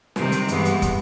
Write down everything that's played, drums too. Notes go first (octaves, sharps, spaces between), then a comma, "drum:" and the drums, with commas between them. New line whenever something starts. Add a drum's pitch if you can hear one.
C3 D#3 G3, drum: snare
drum: hi-hat
G2 E3 G#3 B3, drum: hi-hat
drum: hi-hat
drum: kick, hi-hat